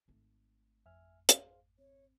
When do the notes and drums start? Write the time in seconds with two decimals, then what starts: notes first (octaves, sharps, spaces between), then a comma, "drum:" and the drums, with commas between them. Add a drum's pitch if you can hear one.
0.08 G#1 A3
0.86 F2 E5 G#5 F6
1.29 G#4 C5 F5, drum: hi-hat
1.79 C4 C#5